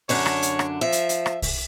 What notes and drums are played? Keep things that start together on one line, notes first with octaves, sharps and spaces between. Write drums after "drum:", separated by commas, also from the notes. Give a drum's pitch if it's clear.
F#2 D3 D4 C#5, drum: open hi-hat
drum: rim click
drum: hi-hat
drum: rim click
F3 E5
drum: hi-hat
drum: hi-hat
drum: rim click
drum: kick, open hi-hat